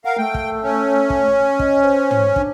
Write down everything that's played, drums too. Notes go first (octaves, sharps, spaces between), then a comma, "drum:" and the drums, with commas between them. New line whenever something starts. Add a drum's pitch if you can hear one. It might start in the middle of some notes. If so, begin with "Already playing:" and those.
A#4 F5 F#5
A3 G5
drum: kick
C#4
drum: kick
D#5, drum: kick
C5
drum: tom
D4, drum: kick